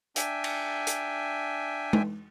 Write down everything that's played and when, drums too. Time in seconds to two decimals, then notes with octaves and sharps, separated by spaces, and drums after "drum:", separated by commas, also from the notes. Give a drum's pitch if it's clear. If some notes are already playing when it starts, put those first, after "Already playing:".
0.16 D4 E5 G5 G#5, drum: hi-hat
0.44 drum: cymbal
0.87 drum: hi-hat
1.93 drum: tom G#3